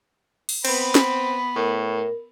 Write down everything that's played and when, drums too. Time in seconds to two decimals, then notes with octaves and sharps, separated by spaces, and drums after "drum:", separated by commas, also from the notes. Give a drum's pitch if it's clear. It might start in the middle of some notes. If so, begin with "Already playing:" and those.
0.49 drum: open hi-hat
0.65 B3 C4 B4, drum: cymbal
0.95 drum: snare
1.56 A2 A#4